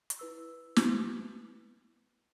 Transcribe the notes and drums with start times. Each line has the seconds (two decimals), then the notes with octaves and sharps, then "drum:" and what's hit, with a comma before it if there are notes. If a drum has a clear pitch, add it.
0.10 drum: hi-hat
0.19 E4 B4 E6
0.76 drum: snare